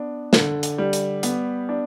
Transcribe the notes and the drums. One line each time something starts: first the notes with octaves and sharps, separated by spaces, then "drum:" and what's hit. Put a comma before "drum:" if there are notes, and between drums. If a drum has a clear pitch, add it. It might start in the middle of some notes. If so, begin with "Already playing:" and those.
Already playing: B3 D4
D3, drum: snare
drum: hi-hat
G3
drum: hi-hat
B3, drum: hi-hat
D4